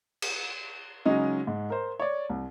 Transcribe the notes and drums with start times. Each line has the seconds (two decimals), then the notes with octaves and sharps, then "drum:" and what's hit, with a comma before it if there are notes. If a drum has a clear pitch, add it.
0.22 drum: cymbal
1.05 C#3 F#3 G#3 C#4 D#4
1.47 G#2
1.70 A#4 C5
1.99 C#5 D5
2.30 C2